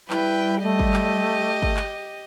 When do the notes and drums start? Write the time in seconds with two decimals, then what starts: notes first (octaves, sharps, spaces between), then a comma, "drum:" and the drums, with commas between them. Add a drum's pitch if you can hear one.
0.10 G3 E4 B4 G5, drum: clap
0.63 A3 G4 D#5
0.79 drum: kick G1
0.93 drum: clap
1.62 drum: kick G1
1.76 drum: clap